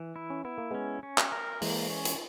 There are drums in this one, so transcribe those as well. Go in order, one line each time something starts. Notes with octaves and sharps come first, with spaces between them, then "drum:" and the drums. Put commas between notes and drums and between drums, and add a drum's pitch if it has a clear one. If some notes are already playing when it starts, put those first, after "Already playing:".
Already playing: E3
E4
C#4
B3 E4
A#3
G#3 B3 C#4
C#4
drum: clap
A#4
E3 G#3 A#3, drum: open hi-hat
C#4
drum: hi-hat